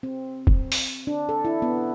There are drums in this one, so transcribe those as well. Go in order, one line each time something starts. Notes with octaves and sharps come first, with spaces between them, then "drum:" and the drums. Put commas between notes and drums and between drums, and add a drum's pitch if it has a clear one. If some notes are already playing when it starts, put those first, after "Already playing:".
C4
drum: kick
drum: open hi-hat
D4
A4
E4
B3